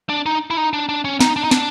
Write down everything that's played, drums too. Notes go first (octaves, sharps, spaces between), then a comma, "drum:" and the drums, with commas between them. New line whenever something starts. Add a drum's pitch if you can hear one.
D4
D#4
E4
D#4
D4
D4
C#4
D#4, drum: snare
D4
D#4
D4, drum: snare